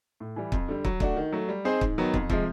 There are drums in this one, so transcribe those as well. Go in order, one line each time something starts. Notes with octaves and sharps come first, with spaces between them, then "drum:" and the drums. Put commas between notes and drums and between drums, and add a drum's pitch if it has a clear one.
A2
E3 G3
F2, drum: kick
D3 G3
F#3, drum: kick
A3 D4 F#4, drum: kick
D#3
F#3 A3
G3
C4 D#4 G#4 C5
G#2, drum: kick
D#3 F#3 B3
F2, drum: kick
C3 F3 G#3, drum: kick